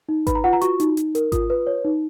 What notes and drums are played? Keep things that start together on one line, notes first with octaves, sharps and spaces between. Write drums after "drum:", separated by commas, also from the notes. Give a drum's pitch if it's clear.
D#4
B4 B5, drum: kick G#1, hi-hat
A#5
F4 F#5
A#5
F#4 C#6, drum: hi-hat
D#4, drum: hi-hat
D#4, drum: hi-hat
A#4, drum: hi-hat
F4 D#6, drum: kick G#1, hi-hat
B4
C#5
D#4